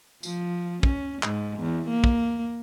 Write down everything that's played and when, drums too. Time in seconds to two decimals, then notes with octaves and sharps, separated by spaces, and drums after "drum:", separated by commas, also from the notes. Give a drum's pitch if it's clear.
0.23 F3, drum: tambourine
0.83 C#4, drum: kick
1.23 G#2, drum: clap
1.59 E2
1.89 A#3
2.04 drum: kick